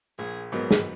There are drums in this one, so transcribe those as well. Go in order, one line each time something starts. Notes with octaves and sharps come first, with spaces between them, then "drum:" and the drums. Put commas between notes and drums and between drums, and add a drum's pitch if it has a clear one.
A#1 G#4
G#2 F#3 B3 A#4
drum: snare